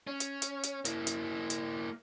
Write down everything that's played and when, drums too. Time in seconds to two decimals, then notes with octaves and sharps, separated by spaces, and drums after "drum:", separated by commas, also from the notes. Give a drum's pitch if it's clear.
0.07 C#4
0.20 drum: hi-hat
0.42 drum: hi-hat
0.63 drum: hi-hat
0.85 A#3 E4, drum: hi-hat
1.07 drum: hi-hat
1.50 drum: hi-hat